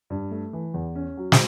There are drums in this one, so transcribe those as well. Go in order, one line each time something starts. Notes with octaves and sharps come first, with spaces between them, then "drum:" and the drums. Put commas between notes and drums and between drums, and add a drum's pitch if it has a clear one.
G2
A3
E3
E2
C#4
F#3
drum: snare